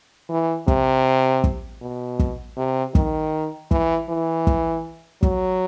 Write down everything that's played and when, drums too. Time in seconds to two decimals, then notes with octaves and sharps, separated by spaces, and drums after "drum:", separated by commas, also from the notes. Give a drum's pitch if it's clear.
0.30 E3
0.68 C3, drum: kick
1.44 drum: kick
1.82 B2
2.19 drum: kick
2.57 C3
2.95 D#3, drum: kick
3.71 E3, drum: kick
4.09 E3
4.47 drum: kick
5.23 F#3, drum: kick